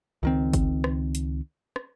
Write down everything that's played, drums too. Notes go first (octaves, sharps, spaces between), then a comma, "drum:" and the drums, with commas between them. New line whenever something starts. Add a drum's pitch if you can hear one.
C#2 D#3 C4
drum: kick G1, hi-hat
drum: rim click
drum: hi-hat
drum: rim click